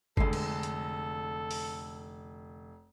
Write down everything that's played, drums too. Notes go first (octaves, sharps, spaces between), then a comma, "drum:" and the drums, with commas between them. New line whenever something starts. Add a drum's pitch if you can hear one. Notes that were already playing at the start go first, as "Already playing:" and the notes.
F1 D3 G#3 A4 C7, drum: kick G1
drum: cymbal
drum: hi-hat
drum: open hi-hat